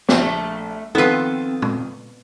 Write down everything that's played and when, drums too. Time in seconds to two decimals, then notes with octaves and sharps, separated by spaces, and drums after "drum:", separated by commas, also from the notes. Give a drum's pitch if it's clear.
0.09 A#1 A3 E5 A5, drum: snare
0.95 D#3 F3 B3 C4 F4 A4 B4 E6
1.62 drum: tom